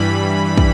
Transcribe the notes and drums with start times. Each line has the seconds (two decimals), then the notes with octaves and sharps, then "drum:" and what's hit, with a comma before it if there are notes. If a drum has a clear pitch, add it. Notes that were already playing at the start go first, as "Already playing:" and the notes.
Already playing: G2 E3 G3 B5
0.58 drum: kick